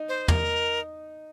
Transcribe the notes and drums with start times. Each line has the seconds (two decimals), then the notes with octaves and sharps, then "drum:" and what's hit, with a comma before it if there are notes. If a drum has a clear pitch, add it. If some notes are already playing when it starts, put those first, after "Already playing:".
Already playing: D#4
0.09 C5
0.28 A#4, drum: tom